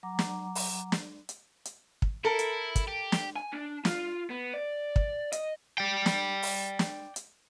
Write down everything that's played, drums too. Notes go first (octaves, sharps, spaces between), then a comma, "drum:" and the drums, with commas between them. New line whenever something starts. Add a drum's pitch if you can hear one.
F#3 F#5 A#5 D6
drum: snare
drum: open hi-hat
drum: snare
drum: hi-hat
drum: hi-hat
drum: kick
E4 A4 A#4
drum: hi-hat
drum: kick, hi-hat
G4
drum: snare
G#5
D4
F4, drum: snare
B3
D5
drum: kick
D#5, drum: hi-hat
D5 G5
drum: snare
drum: open hi-hat
drum: snare
drum: hi-hat